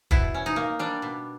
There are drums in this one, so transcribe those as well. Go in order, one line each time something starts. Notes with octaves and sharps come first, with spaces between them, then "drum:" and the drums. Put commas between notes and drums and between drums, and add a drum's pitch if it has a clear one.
B2 E4, drum: kick
C#4
D#4
A#3
G3 D4
B2